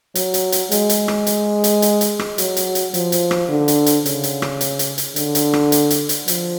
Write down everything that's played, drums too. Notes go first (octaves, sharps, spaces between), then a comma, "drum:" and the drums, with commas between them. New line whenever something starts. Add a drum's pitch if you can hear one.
F#3, drum: hi-hat
drum: hi-hat
drum: hi-hat
G#3, drum: hi-hat
drum: hi-hat
drum: rim click
drum: hi-hat
drum: hi-hat
drum: hi-hat
drum: hi-hat
drum: rim click
F#3, drum: hi-hat
drum: hi-hat
drum: hi-hat
F3, drum: hi-hat
drum: hi-hat
drum: rim click
D3
drum: hi-hat
drum: hi-hat
C#3, drum: hi-hat
drum: hi-hat
drum: rim click
drum: hi-hat
drum: hi-hat
drum: hi-hat
D3, drum: hi-hat
drum: hi-hat
drum: rim click
drum: hi-hat
drum: hi-hat
drum: hi-hat
F3, drum: hi-hat